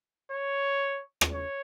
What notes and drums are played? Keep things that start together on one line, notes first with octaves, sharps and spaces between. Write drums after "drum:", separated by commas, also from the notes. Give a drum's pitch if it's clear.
C#5
drum: rim click
C#5